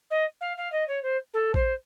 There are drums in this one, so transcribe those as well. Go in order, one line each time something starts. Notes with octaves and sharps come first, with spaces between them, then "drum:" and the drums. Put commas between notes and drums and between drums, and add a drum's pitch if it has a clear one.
D#5
F5
F5
D#5
C#5
C5
A4
C5, drum: kick A#1